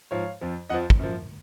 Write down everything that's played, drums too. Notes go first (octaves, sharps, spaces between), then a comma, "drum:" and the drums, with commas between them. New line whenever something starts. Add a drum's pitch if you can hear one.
G#2 F3 C#5 F5
F2 F3
F2 F3 D#5 F#5
drum: kick
F#2 F3